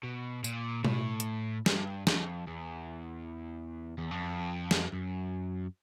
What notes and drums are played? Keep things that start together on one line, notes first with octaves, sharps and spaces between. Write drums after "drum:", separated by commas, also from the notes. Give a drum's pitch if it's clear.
B2
A#2, drum: tambourine
A2, drum: tom B2
drum: hi-hat
G2, drum: snare
F2, drum: snare
E2
E2
F2
drum: snare
F#2